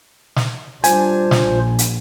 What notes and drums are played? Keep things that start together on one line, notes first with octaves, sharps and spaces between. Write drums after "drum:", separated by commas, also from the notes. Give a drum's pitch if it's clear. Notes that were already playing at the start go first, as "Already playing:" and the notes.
drum: snare
G3 D4 F4 C5 G#5, drum: hi-hat
drum: snare
A#1
drum: hi-hat